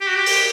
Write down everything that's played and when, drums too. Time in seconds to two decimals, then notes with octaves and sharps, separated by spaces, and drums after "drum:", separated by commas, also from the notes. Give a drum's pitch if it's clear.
0.01 G4
0.08 F#4
0.16 G4
0.26 drum: open hi-hat